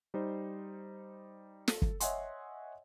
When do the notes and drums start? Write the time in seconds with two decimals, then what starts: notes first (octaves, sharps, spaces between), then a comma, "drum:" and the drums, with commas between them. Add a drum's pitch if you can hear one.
0.14 G3 D#4 C5
1.68 A4, drum: snare
1.82 drum: kick
2.00 C#5 D#5 E5 F#5 G#5 C6, drum: hi-hat